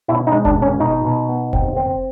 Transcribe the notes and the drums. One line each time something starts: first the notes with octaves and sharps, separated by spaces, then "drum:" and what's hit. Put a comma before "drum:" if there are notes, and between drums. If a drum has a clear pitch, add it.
B2 E4
D#4
G#3
D4, drum: kick F1
B2
C#4
B2 D#4
B2
B3
C4, drum: kick F1
C4